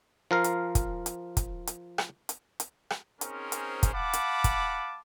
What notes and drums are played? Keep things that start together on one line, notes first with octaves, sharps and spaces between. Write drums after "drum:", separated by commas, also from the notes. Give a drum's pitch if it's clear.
F3 A#4 F5
drum: hi-hat
drum: kick, hi-hat
drum: hi-hat
drum: kick, hi-hat
drum: hi-hat
drum: rim click
drum: hi-hat
drum: hi-hat
drum: rim click
C4 C#4 D#4 G#4 A#4 C5, drum: hi-hat
drum: hi-hat
drum: kick, hi-hat
F5 F#5 A5 B5 D6
drum: hi-hat
drum: kick, hi-hat